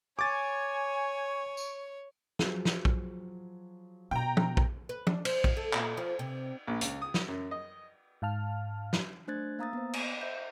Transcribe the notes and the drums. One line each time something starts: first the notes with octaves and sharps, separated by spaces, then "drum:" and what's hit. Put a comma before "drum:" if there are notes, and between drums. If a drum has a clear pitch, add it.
C#5 G#5 C#6 D6 A6
drum: tambourine
F3 F#3 G#4, drum: snare
drum: snare
drum: kick A#1
B2 G5 A#5
drum: tom
drum: kick A#1
B4
D4, drum: tom
C5, drum: cymbal
F3, drum: kick A#1
A4
A#2, drum: clap
F3
C3
A#1
C#2, drum: hi-hat
D#6
drum: snare
F#2
D#5
G#2 F5 A5 F6
drum: snare
A3 D4 C5 F#6 G#6 A6
A#3 F5 A#5 D#6 E6 A6
B3 C5
drum: cymbal
C5 E5 G6